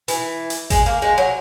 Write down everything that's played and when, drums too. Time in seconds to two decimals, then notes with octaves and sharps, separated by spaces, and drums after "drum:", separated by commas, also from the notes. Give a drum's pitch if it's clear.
0.08 E3, drum: hi-hat
0.50 drum: hi-hat
0.70 G#3, drum: kick G#1, hi-hat
0.86 A#3
1.02 G#3
1.18 F#3